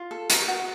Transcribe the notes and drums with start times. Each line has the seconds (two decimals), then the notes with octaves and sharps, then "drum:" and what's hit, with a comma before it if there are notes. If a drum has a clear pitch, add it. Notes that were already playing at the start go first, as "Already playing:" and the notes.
Already playing: F4
0.11 A4
0.30 A#4, drum: hi-hat
0.48 F#4